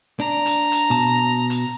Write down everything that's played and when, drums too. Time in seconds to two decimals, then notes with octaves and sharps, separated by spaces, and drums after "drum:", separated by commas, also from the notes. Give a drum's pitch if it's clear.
0.20 D4 A#5
0.46 drum: hi-hat
0.72 drum: hi-hat
0.90 B2 A5
1.50 drum: hi-hat